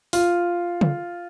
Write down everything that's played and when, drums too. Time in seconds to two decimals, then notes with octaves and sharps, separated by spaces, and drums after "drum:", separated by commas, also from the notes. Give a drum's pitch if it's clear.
0.13 F4, drum: open hi-hat
0.81 drum: tom C#3